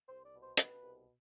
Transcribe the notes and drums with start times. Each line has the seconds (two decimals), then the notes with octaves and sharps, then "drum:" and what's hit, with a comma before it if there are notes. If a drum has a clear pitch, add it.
0.08 C2 C5
0.25 D5
0.34 B2
0.42 C5
0.57 B2 B4, drum: hi-hat
0.83 C2